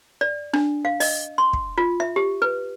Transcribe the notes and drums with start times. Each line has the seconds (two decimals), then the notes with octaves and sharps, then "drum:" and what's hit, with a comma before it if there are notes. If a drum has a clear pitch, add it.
0.21 D5
0.53 D4, drum: rim click
0.85 F5
1.00 D#5, drum: open hi-hat
1.38 C6
1.53 drum: kick
1.78 F4
2.00 E5
2.16 G4
2.42 B4